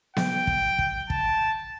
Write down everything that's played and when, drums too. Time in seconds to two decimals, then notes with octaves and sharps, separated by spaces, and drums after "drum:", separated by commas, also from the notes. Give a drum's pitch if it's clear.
0.16 G5, drum: snare B3
0.47 drum: kick
0.79 drum: kick
1.10 A5, drum: kick